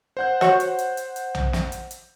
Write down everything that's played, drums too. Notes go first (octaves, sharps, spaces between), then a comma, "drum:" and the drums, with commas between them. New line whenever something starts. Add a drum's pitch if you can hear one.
C5 F#5 G6
F#4 C#5, drum: snare
drum: hi-hat
drum: hi-hat
drum: hi-hat
drum: hi-hat
drum: tom B1
drum: snare
drum: hi-hat
drum: hi-hat